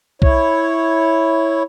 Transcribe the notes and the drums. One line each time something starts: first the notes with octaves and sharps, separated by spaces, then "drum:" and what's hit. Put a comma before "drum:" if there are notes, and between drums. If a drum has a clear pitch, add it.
E4 C#5, drum: kick